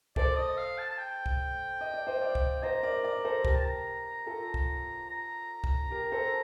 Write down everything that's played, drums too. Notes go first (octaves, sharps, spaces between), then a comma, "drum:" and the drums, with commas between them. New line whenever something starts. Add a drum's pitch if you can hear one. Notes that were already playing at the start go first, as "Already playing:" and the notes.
A4 C5 D5, drum: kick C2
D#5
F5
A5
A5
G5
drum: kick C2
D#5
D5
C5 D#5
D5 F5
drum: kick C2
C5 D#5 A#5
A#4 D5
A#4 D5
A4 C5
G4 A#4 A#5, drum: kick C2
A5
A#5
F4 A4
drum: kick C2
A#5
drum: kick C2
G4 A#4
A4 C5